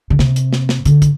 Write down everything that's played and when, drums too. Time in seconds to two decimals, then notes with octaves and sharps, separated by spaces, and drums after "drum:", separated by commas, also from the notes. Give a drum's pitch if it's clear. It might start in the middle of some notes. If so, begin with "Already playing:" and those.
0.10 D3
0.19 C3, drum: snare
0.36 drum: hi-hat
0.53 drum: snare
0.69 drum: snare
0.85 D3, drum: hi-hat
1.02 drum: kick, hi-hat